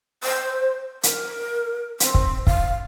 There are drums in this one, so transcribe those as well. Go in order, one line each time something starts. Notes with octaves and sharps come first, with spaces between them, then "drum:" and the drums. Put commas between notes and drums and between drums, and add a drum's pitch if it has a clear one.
C5
A#4, drum: hi-hat
C4, drum: hi-hat
drum: kick
F5, drum: kick